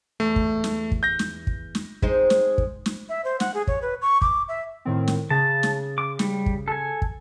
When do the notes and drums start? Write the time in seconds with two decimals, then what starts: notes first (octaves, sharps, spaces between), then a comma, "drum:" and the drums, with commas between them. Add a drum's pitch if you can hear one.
0.20 E2 A3
0.36 drum: kick
0.64 drum: snare
0.91 drum: kick
1.03 G6 A#6
1.19 drum: snare
1.47 drum: kick
1.75 drum: snare
2.02 G#3 C4 D#4, drum: kick
2.30 drum: snare
2.58 drum: kick
2.86 drum: snare
3.09 E5
3.25 C5
3.40 F#5, drum: snare
3.54 G#4
3.67 C#5, drum: kick
3.82 B4
4.02 C#6
4.22 D6, drum: kick
4.48 E5
4.85 A2 D#3 C4
5.08 drum: snare
5.30 C#3 A5
5.63 drum: snare
5.98 D6
6.19 G3, drum: snare
6.46 drum: kick
6.68 A4 G#5
7.02 drum: kick